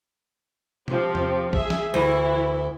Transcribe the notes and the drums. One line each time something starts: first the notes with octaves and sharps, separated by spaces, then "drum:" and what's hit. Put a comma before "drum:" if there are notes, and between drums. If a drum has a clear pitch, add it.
F3 C4 G4, drum: tom B2
drum: tom
G#4 E5, drum: kick A#1
drum: snare
D2 E3 E4